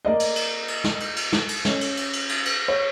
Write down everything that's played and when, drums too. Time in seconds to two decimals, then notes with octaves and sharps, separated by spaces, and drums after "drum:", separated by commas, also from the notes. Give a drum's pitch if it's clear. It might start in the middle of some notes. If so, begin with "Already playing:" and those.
0.05 A#3 D5 D#5
0.20 drum: cymbal
0.36 drum: cymbal
0.68 drum: cymbal
0.84 drum: snare
1.00 drum: cymbal
1.16 drum: cymbal
1.32 drum: snare
1.49 drum: cymbal
1.65 C#4, drum: snare
1.81 drum: cymbal
1.97 drum: cymbal
2.13 drum: cymbal
2.29 drum: cymbal
2.45 drum: cymbal
2.68 C#5